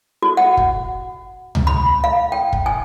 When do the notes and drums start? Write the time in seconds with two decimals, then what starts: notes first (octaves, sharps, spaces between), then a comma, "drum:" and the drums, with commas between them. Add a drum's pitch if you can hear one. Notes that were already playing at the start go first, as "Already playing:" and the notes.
0.22 F#4
0.37 F#5
0.57 drum: kick
1.55 drum: tom C#2
1.67 B5
2.04 F5
2.32 G5
2.53 drum: kick
2.66 G#5